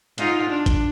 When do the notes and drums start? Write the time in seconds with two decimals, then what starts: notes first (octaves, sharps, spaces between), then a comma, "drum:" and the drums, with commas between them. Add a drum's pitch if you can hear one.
0.18 G#2 D#4 F4, drum: hi-hat
0.49 D4
0.66 drum: kick, hi-hat